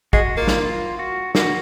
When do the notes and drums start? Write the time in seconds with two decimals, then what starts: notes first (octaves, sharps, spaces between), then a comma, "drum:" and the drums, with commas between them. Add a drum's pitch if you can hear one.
0.13 G#3 F#4, drum: kick
0.37 A#3 F4
0.47 drum: snare
0.62 F4
0.99 F#4
1.35 A#3 F#4, drum: snare